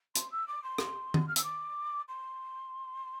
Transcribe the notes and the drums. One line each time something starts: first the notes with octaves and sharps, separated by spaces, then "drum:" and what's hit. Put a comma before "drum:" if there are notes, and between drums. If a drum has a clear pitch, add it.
C6, drum: hi-hat
E6
D6
C6
drum: rim click
drum: tom D#3
F6
E6, drum: hi-hat
D6
C6